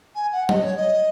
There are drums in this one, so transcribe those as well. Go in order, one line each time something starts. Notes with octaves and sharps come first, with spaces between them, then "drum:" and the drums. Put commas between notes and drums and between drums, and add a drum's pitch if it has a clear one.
G#5
F#5
D#5, drum: tom F#3
C#5
D#5